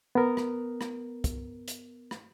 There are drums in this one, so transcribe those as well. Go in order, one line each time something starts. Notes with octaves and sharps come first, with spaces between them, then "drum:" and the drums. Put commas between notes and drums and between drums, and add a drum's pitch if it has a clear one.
B3 A#4
drum: rim click
drum: rim click
drum: kick, hi-hat
drum: hi-hat
drum: rim click